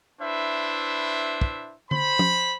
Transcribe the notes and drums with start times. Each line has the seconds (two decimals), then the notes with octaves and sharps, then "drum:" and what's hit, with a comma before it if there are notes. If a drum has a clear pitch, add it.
0.21 D4 E4 B4 C5 E5
1.41 drum: kick
1.91 C5 B5, drum: tom D3
2.19 drum: tom F3